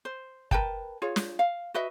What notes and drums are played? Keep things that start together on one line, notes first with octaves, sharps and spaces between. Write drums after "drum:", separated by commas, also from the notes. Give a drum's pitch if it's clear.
C5
A#4 B4 G5 A5, drum: kick
F4 G#4 C#5
drum: snare
F5
F#4 B4 D#5 E5